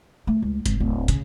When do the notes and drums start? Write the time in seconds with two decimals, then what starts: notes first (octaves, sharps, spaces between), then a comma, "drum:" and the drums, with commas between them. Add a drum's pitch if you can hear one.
0.27 A3
0.42 C#2
0.66 G#1, drum: kick F#1, hi-hat
0.80 D1
1.08 C#3, drum: hi-hat